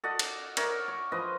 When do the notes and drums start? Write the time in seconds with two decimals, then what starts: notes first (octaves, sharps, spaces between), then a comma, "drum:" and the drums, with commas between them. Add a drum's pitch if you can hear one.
0.04 A4 D5 D#5 F#5
0.19 drum: cymbal
0.57 A#4 C#5 D5 E5, drum: cymbal
0.88 C#5
1.12 F3 B4 D#5